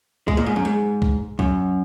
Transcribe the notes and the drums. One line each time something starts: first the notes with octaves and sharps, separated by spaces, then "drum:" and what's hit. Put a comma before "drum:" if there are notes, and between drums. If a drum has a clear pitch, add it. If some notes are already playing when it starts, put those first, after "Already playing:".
G#3, drum: kick C2
A#2
G#2
F#2
G#2
drum: kick C2
F#2, drum: kick C2